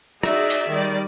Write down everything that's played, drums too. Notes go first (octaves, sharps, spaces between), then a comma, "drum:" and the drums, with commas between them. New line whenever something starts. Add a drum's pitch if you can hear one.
D#4 F#4 G#4 D5 E5, drum: rim click
drum: hi-hat
D#3 G3 D5